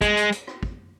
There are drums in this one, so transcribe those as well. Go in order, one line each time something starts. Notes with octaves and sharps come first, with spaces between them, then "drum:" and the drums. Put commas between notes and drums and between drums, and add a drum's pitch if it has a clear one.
G#3, drum: kick, hi-hat
drum: hi-hat
drum: hi-hat
drum: rim click
drum: kick